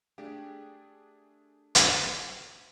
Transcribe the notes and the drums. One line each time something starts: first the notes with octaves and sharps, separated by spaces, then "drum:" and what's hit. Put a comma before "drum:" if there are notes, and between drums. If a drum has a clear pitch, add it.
A3 D4 G4 G#4
drum: hi-hat